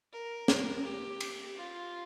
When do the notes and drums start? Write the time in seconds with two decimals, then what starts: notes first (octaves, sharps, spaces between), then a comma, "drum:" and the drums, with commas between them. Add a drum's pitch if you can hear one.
0.13 A#4
0.48 drum: snare
0.84 G4
1.20 drum: cymbal
1.57 F4